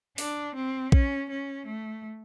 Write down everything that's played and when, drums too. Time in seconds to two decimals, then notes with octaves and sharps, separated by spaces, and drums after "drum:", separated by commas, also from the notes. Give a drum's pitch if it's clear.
0.18 D4, drum: open hi-hat
0.55 C4
0.92 C#4, drum: kick
1.30 C#4
1.66 A3